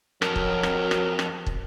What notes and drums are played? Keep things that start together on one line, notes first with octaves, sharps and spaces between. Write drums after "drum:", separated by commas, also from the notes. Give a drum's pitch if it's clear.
F2 F#3 A#4, drum: rim click
drum: kick
drum: rim click
drum: rim click
drum: rim click
drum: kick